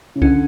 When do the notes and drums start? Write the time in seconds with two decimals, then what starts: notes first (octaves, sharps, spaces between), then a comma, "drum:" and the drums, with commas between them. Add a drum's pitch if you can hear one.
0.16 C#3
0.22 D3 C#4, drum: kick C2